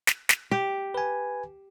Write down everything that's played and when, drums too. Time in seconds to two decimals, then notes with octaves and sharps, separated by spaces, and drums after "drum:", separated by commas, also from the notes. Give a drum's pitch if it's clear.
0.07 drum: snare
0.29 drum: snare
0.52 G4
0.94 B4 G#5